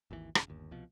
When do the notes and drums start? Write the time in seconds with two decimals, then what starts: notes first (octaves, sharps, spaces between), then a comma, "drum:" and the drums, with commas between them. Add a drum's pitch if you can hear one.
0.11 G#1 D#2 E3
0.35 D#1 C#3, drum: rim click
0.48 G1 D#2
0.71 C2 B2 F3